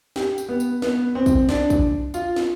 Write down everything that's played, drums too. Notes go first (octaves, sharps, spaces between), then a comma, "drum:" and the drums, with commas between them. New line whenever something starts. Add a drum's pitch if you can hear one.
G4, drum: snare
drum: tambourine
B3
drum: tambourine
B3, drum: snare
C4
drum: kick, tambourine
D4, drum: snare
drum: kick, tambourine
F4, drum: tambourine
drum: snare